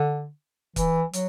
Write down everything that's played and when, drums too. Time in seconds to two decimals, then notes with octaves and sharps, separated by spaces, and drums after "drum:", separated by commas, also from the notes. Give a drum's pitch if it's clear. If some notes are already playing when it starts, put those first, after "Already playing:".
Already playing: D3
0.76 E3, drum: kick, hi-hat
1.13 F#3, drum: hi-hat